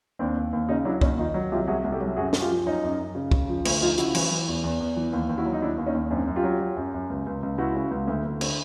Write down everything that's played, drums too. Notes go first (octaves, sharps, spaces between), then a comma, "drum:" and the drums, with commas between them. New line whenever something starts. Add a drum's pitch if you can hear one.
D#2 C4 D4
D#2
D#2
C#3 C#4 D#4
F#3 D4 E4
D#2 C#4 D#4, drum: kick C2
D#3 D#4 F4
F#3
C2 F4 G4
C2 F#4 G#4
C2
G4 A4
F#3
F#2 F#4 G#4
F#2, drum: snare
F4 G4
F3
F#2 C#4 D#4
F#2
F#2
C#3
C#3, drum: kick C2
F3
D2, drum: cymbal
F3 D#4 F4
C#3 E4 F#4, drum: hi-hat
E3, drum: cymbal
E3
E2
E2
E2
E3
D#2
D#2
E4 F#4
F#3
D#4
D#2 D4 E4
D#2
C#4 D#4
D#2
F#2 C4 D4
F#2
F4 G4
F#3
F#3
F#2
F#2
C#2
C#2
C#2
C#2 E4 F#4
C#3
C#2
D2
D2
D3, drum: cymbal